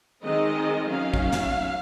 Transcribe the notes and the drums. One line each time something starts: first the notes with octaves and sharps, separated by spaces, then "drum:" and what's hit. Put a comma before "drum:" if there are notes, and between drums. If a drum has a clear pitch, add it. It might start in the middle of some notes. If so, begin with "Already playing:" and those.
D#3 G#3 C4 D#5
D#3 F#3 C#4 F5
drum: kick
drum: snare